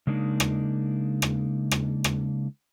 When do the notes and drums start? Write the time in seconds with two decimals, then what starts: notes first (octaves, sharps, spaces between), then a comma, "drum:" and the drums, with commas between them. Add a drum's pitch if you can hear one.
0.07 C#3 G#3 A#3 D4 D#4
0.40 drum: rim click
1.22 drum: rim click
1.71 drum: rim click
2.04 drum: rim click